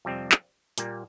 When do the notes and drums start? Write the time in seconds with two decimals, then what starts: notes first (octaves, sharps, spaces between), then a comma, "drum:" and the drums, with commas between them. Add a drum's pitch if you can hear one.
0.05 F2 C3 G3 C4
0.32 drum: clap
0.78 A#2 G3 A#3, drum: hi-hat